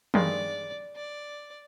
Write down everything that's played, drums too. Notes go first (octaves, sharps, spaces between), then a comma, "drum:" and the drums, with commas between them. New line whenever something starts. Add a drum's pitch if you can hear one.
G2 D#3 G#3 D5, drum: tom
D5